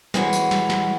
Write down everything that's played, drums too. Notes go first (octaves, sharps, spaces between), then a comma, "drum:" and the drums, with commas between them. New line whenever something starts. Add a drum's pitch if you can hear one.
E3 G#3 C#4 F#4, drum: snare
drum: tambourine
drum: snare
drum: snare